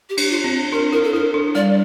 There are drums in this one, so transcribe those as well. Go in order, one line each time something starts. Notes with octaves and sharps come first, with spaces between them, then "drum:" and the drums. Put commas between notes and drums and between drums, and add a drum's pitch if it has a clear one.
G4
D4, drum: cymbal
F4
C4
D4 A#4
E4 A#4
A4
E4 A#4
D4
G3 D5